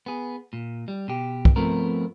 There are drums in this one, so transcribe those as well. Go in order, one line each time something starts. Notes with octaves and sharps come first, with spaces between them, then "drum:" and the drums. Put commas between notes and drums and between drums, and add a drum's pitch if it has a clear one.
B3 G#4
A#2
G3
B2 G4
drum: kick
F3 A3 B3 C4 A#4